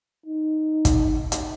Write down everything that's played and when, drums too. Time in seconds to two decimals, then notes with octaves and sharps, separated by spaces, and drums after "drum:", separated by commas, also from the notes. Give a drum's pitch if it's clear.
0.26 D#4
0.85 drum: kick, hi-hat
1.32 drum: hi-hat